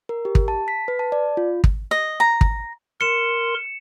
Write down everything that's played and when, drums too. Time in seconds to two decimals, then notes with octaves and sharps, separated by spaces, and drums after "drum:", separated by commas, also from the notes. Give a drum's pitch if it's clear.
0.09 A#4
0.25 G4
0.35 drum: kick
0.48 A5
0.68 B6
0.88 B4
0.99 A5
1.12 D5
1.37 F4
1.64 drum: kick
1.91 D#5
2.20 A#5
2.41 drum: kick
3.01 A#4 C6 C#7 E7